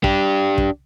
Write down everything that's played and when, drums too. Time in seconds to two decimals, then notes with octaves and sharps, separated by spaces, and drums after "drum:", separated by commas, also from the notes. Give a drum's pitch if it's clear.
0.04 D4 G4, drum: kick
0.58 drum: kick